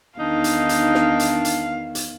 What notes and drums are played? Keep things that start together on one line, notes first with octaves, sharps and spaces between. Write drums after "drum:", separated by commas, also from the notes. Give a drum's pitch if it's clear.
E2 D#3 D4 D#4 F5
drum: hi-hat
drum: hi-hat
drum: snare
drum: hi-hat
drum: hi-hat
drum: hi-hat